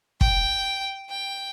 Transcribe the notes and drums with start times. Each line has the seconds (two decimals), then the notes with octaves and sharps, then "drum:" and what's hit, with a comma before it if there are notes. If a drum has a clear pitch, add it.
0.21 G5, drum: kick
1.09 G5